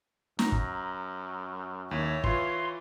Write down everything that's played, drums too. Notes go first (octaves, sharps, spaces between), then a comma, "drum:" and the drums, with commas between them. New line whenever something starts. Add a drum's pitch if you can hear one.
F#2 A#5, drum: snare
drum: kick
D#2 E4 C#5
E3 F4 C6, drum: kick